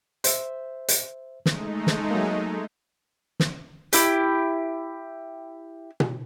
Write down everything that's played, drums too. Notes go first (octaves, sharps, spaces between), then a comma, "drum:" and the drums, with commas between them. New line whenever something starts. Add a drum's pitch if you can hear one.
C5 E5, drum: hi-hat
drum: hi-hat
G#3 A3 D#4, drum: snare
drum: snare
F#3 A#3
drum: snare
E4 G4, drum: hi-hat
drum: tom B2